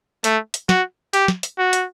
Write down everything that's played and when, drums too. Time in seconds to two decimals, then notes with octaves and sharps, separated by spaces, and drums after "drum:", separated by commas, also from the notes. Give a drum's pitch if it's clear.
0.24 A3, drum: hi-hat
0.54 drum: hi-hat
0.69 F#4, drum: snare
1.13 G4, drum: hi-hat
1.28 drum: snare
1.43 drum: hi-hat
1.58 F#4
1.73 drum: hi-hat